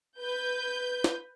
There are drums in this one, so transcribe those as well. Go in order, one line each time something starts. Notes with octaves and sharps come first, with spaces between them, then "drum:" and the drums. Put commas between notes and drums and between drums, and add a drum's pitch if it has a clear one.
B4 G6
drum: snare